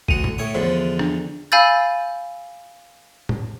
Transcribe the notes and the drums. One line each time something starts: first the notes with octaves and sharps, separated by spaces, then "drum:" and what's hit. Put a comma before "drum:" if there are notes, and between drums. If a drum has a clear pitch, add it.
D2 F#5 D#7 F7, drum: kick
drum: tom A2
A2 C#5 D#6
E2 D3 F3 C5
D4, drum: rim click
F5 G#5 B5 E6 G6 A6
drum: tom A2